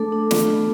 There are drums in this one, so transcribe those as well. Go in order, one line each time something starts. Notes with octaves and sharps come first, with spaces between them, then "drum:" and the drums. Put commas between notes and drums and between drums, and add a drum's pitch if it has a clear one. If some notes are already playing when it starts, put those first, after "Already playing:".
Already playing: A3 D4 A4
D4
F4, drum: snare
B3